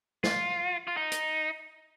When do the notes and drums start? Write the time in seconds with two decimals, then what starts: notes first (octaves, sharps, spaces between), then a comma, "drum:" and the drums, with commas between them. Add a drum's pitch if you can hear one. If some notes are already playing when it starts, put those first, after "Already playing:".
0.24 F4, drum: snare
0.87 F4
0.97 D#4
1.12 drum: hi-hat